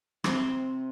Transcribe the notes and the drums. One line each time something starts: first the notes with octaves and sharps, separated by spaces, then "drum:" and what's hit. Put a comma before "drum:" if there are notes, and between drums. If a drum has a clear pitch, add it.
C3 C4, drum: rim click